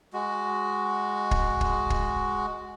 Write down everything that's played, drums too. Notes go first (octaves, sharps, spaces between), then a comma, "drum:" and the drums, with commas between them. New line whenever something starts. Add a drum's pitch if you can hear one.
G#3 F#4
drum: kick
drum: kick
drum: kick